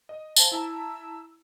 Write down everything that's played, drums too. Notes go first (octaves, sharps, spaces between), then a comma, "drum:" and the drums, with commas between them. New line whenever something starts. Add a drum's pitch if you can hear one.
D#5
C5 F5 G#5 A5, drum: tambourine
E4 A5 A#5 E6